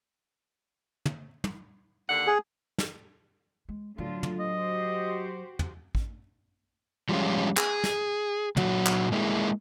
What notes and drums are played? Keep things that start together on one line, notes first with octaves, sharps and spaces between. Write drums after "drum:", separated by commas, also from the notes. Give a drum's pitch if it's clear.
drum: tom
drum: tom
D#2 D3 F#5
G#4
drum: snare
G#3
A2 D3 F#3 F4
drum: tom
F#4 G4 C5 D#5
drum: tom
drum: kick
F3 G3 G#3 C#4 F4
G#4, drum: clap
drum: snare
A#2 F#3 F#4, drum: tom
drum: clap
G#3 A#3 E4 G#4